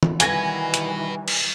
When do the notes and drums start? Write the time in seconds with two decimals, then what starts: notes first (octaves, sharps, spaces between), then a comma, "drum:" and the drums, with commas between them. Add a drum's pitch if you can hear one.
0.03 drum: tom
0.20 D#3 E3 G3 F#4 B4 G#5 G#6 A#6, drum: hi-hat
0.74 drum: hi-hat
1.28 drum: cymbal